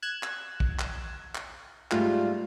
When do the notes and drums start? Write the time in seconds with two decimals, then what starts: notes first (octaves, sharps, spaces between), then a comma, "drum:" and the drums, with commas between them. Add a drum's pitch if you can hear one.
0.02 F#6 G#6 E7
0.23 drum: clap
0.60 drum: kick
0.79 drum: clap
1.35 drum: clap
1.91 G#2 G3 A3 F4, drum: clap